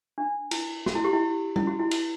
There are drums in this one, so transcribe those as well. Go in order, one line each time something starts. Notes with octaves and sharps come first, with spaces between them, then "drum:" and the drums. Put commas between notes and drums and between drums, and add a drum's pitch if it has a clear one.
D4
E4, drum: cymbal
F#4, drum: snare
E4
G4
E4
E4, drum: tom
F#4
E4
E4, drum: cymbal